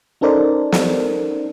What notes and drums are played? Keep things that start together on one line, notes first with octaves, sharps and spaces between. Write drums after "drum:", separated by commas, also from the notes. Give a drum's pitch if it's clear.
C#4 D#4 A4 A#4 C5 D5
drum: snare